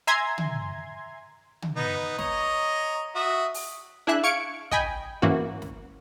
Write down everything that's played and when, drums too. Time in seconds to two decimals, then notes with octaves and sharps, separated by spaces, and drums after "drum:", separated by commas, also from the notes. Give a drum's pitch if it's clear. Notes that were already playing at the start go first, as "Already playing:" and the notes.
0.07 E5 G#5 A#5 C6 G#6
0.38 drum: tom
1.62 drum: tom
1.77 B3 D#4
2.18 C#5 D#5 A#5, drum: snare
3.15 F#4 E5 D#6
3.54 drum: open hi-hat
4.07 D4 E4 G#4 E5 F#6
4.23 F5 C#6 G#6 C#7 D7
4.71 D#5 G5 G#5 B5, drum: kick
5.22 G#2 E3 A#3 C#4 F#4
5.62 drum: snare